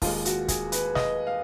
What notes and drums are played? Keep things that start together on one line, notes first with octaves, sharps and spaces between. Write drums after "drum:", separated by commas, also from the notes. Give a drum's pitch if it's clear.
D#2 D#3 G#3 F4, drum: kick C#1, open hi-hat
F#4, drum: hi-hat
G#4, drum: kick C#1, hi-hat
B4, drum: hi-hat
D#5, drum: snare
F5